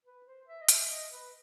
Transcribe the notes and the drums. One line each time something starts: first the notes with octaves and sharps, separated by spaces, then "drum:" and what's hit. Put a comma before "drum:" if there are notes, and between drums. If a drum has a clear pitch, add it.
B4
C5
E5
D#5
E5, drum: hi-hat
D#5
B4